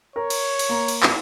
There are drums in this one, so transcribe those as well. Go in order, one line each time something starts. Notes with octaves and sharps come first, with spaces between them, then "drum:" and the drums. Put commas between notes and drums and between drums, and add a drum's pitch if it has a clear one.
A#4 C#5
drum: cymbal
drum: cymbal
A#3 A#5
drum: cymbal
drum: clap